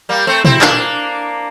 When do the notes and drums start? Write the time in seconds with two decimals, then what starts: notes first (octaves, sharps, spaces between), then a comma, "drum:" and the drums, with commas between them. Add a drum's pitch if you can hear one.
0.09 G3 A#3
0.27 A3 C4
0.45 C4 E4, drum: tom
0.61 A#3 D4, drum: clap